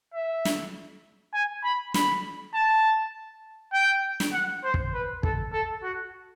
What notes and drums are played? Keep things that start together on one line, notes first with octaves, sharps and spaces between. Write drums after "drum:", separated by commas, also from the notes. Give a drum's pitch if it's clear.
E5
drum: snare
G#5
B5
B5, drum: snare
A5
G5
drum: snare
F#5
C5
drum: kick
B4
A4, drum: kick
A4
F#4